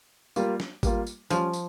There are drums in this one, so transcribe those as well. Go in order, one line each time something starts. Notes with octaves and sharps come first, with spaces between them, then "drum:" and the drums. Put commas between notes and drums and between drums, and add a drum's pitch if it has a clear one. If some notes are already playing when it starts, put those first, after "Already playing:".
G3 A#3 F4, drum: tambourine
drum: snare
G3 A#3 F4, drum: kick G#1, tambourine
drum: tambourine
F3 G3 C#4 F4, drum: tambourine
drum: tambourine